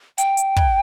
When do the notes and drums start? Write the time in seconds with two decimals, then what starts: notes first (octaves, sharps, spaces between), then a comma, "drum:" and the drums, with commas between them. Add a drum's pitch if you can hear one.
0.18 G5, drum: hi-hat
0.37 drum: hi-hat
0.56 drum: kick